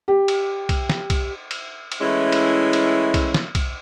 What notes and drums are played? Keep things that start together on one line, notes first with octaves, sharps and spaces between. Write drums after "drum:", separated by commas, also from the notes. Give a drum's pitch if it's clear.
G4
drum: cymbal
drum: kick B1, cymbal
drum: snare
drum: kick B1, cymbal
drum: cymbal
drum: cymbal
E3 G#3 A3 C#4 E4
drum: cymbal
drum: cymbal
drum: kick B1, cymbal
drum: snare
drum: kick B1, cymbal